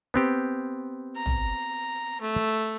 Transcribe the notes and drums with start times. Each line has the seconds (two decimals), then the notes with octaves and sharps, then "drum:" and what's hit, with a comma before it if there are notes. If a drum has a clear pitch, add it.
0.14 B3 C4 G4
1.16 A#5
1.26 drum: tom A1
2.21 A3